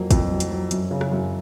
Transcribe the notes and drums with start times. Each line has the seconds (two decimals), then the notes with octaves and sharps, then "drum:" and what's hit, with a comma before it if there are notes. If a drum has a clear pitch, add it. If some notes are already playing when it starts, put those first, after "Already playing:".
Already playing: F2 F#3 A#3
0.11 F2, drum: kick, hi-hat
0.31 F#3
0.40 drum: hi-hat
0.50 F#3
0.71 F#2, drum: hi-hat
0.91 C#3
1.01 drum: rim click
1.11 F#2